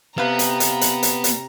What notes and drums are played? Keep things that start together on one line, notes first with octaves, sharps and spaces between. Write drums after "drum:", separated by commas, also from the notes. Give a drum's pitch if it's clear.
C3 B3 G4 A4 B4 F5 A#5
drum: hi-hat
drum: hi-hat
drum: hi-hat
drum: hi-hat
drum: hi-hat